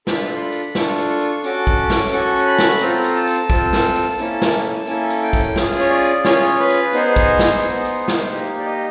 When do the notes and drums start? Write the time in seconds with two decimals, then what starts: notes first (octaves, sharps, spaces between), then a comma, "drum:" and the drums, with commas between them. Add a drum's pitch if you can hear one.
0.07 D4 F4 A4 B5, drum: snare
0.36 C6
0.41 B5
0.53 drum: tambourine
0.75 D4 F4 A4 C#6, drum: snare
0.98 drum: tambourine
1.10 C#6
1.21 drum: tambourine
1.44 C#4 F#4 A4 D6, drum: tambourine
1.67 drum: kick A#1, tambourine
1.90 drum: snare
2.12 C#4 F#4 A4 C#6, drum: tambourine
2.36 drum: tambourine
2.47 B5
2.59 drum: snare
2.81 C4 F4 A4 A#5, drum: tambourine
3.04 drum: tambourine
3.16 A5
3.27 drum: tambourine
3.50 C4 F4 A4, drum: kick A#1, tambourine
3.73 drum: snare
3.96 drum: tambourine
4.19 A#3 C#4 E4 A4, drum: tambourine
4.42 drum: snare
4.65 drum: tambourine
4.87 A#3 C#4 E4 A4 G#5, drum: tambourine
5.10 drum: tambourine
5.22 G5
5.33 drum: kick A#1, tambourine
5.56 C#4 F4 G#4, drum: snare
5.80 C#5, drum: tambourine
5.90 D5
6.02 drum: tambourine
6.25 C#4 F4 G#4 C#5, drum: snare
6.48 drum: tambourine
6.59 B4
6.71 drum: tambourine
6.93 B3 D#4 G#4 C5, drum: tambourine
7.16 drum: kick A#1, tambourine
7.39 drum: snare
7.62 B3 D#4 G#4, drum: tambourine
7.85 drum: tambourine
8.08 drum: snare
8.31 A#3 D#4 G4
8.58 D5
8.66 D#5